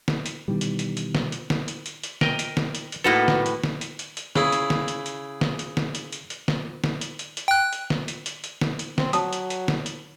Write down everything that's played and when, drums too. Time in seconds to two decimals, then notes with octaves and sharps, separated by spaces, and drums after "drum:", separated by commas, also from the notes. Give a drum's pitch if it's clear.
0.08 drum: snare
0.26 drum: hi-hat
0.48 B2 D#3 E3 G3
0.61 drum: hi-hat
0.79 drum: hi-hat
0.97 drum: hi-hat
1.15 drum: snare
1.32 drum: hi-hat
1.50 drum: snare
1.68 drum: hi-hat
1.86 drum: hi-hat
2.03 drum: hi-hat
2.21 A#4 D#5 G5, drum: snare
2.39 drum: hi-hat
2.57 drum: snare
2.75 drum: hi-hat
2.92 drum: hi-hat
3.04 A2 A#3 D#4 F#4 A4 B4
3.28 drum: snare
3.46 drum: hi-hat
3.64 drum: snare
3.81 drum: hi-hat
3.99 drum: hi-hat
4.17 drum: hi-hat
4.36 C#3 E4 G#4, drum: snare
4.52 drum: hi-hat
4.70 drum: snare
4.88 drum: hi-hat
5.06 drum: hi-hat
5.41 drum: snare
5.59 drum: hi-hat
5.77 drum: snare
5.95 drum: hi-hat
6.12 drum: hi-hat
6.30 drum: hi-hat
6.48 drum: snare
6.84 drum: snare
7.01 drum: hi-hat
7.19 drum: hi-hat
7.37 drum: hi-hat
7.48 G5 F#6
7.73 drum: hi-hat
7.90 drum: snare
8.08 drum: hi-hat
8.26 drum: hi-hat
8.44 drum: hi-hat
8.61 drum: snare
8.79 drum: hi-hat
8.98 C4, drum: snare
9.13 F#3 A5 D#6, drum: hi-hat
9.33 drum: hi-hat
9.50 drum: hi-hat
9.68 drum: snare
9.86 drum: hi-hat